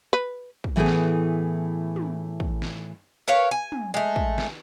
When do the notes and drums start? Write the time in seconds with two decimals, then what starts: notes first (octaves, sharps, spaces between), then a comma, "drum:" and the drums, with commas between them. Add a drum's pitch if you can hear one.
0.13 B4
0.64 drum: kick
0.76 A2 E3 A3 B3 E4 G#4
0.86 drum: snare
1.96 drum: tom
2.40 drum: kick
2.62 drum: snare
3.28 A#4 B4 C#5 F5
3.51 G#5
3.72 drum: tom
3.94 G#3 A3
4.16 drum: kick
4.38 drum: snare